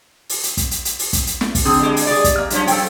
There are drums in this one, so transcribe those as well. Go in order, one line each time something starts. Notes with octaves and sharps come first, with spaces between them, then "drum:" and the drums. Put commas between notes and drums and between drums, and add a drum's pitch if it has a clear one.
drum: open hi-hat
drum: hi-hat
drum: kick, hi-hat
drum: hi-hat
drum: hi-hat
drum: open hi-hat
drum: kick, hi-hat
drum: hi-hat
drum: snare
drum: kick, open hi-hat
D3 C4 G#4
G3 G#3
drum: open hi-hat
G#4 D5
drum: kick, hi-hat
A#3
F#2 F3 C#4, drum: hi-hat
A4 G5, drum: open hi-hat